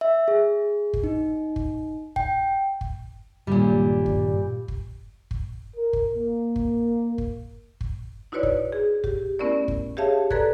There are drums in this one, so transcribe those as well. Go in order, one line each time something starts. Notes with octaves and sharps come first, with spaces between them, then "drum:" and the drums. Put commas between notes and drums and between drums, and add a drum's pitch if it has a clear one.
E5
G#4
drum: kick
D#4
drum: kick
G5, drum: kick
drum: kick
G2 A#2 D#3 F#3 G3
drum: kick
drum: kick
drum: kick
A#4
drum: kick
A#3
drum: kick
drum: kick
drum: kick
D#4 E4 F#4 B4 C#5 D5
drum: kick
G#4
G4, drum: kick
A3 B3 C#4 E4 A#4 D5
drum: kick
G4 G#4 C#5 E5 F5 A5
A4 B4 D5 A#5 F#6 G#6, drum: kick